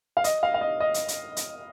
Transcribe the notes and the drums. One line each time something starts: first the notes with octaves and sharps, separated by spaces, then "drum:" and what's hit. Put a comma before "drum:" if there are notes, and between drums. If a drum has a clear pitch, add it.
F5
D#5, drum: hi-hat
F5
F5
D#5
D#5
drum: hi-hat
drum: hi-hat
drum: hi-hat